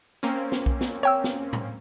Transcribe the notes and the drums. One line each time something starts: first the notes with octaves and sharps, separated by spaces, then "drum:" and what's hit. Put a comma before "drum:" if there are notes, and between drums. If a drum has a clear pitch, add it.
A#3 C4 C#4
drum: snare
drum: kick B1
drum: snare
C#5 G5 E6
drum: snare
drum: tom A2